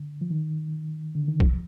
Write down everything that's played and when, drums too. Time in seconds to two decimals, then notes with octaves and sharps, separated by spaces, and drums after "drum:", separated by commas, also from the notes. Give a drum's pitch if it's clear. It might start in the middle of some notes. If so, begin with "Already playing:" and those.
Already playing: D3
0.21 F3
0.30 D#3
1.15 D3
1.28 D#3
1.40 F3, drum: kick